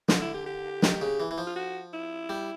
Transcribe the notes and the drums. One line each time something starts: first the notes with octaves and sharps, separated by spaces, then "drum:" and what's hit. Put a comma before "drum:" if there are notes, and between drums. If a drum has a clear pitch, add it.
D3 D#4, drum: snare
E4
G4
G4
D#3, drum: snare
C#3
E3
E3
F3
F4
F#4
E4
G3